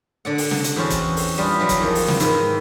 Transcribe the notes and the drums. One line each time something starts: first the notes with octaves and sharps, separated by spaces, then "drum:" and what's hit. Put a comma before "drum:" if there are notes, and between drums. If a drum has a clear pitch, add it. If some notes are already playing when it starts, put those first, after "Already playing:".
D3 D5 F#5
drum: open hi-hat
drum: snare
drum: hi-hat
E2 C4 C#4 F#4 A5
drum: kick, hi-hat
drum: open hi-hat
G3 B3 D4 F4
E3 F#3 E4
drum: kick, hi-hat
E2 D#3 F3
drum: open hi-hat
drum: snare
G#2 D#3 E4, drum: hi-hat